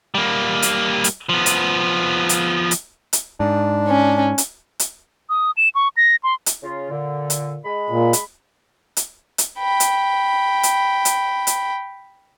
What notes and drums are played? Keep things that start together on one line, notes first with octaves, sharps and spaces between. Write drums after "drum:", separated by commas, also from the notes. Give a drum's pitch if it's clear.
G3 A#3
drum: hi-hat
drum: hi-hat
F3 B3
drum: hi-hat
drum: hi-hat
drum: hi-hat
drum: hi-hat
G#2 D4
C#4
drum: hi-hat
drum: hi-hat
D#6
E7
C#6
A#6
C6
drum: hi-hat
C#3 F4
A#2 D3
drum: hi-hat
G#3 B5
A#2
drum: hi-hat
drum: hi-hat
drum: hi-hat
G5 B5
drum: hi-hat
drum: hi-hat
drum: hi-hat
drum: hi-hat